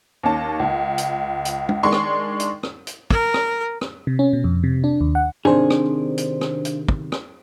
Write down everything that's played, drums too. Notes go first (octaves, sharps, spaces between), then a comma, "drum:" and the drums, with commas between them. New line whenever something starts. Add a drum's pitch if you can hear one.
D#2 C#4 A5
C#2
drum: hi-hat
drum: hi-hat
drum: tom
D#3 G#3 D4 C6 C#6
drum: rim click
drum: hi-hat
drum: rim click
drum: hi-hat
A#4, drum: kick
drum: rim click
drum: rim click
C3
C#4
B2
F2
C3
D4
D#2
F#5
C3 D#3 D4 G#4 C5, drum: tom
drum: rim click
drum: hi-hat
drum: rim click
drum: hi-hat
drum: kick
drum: rim click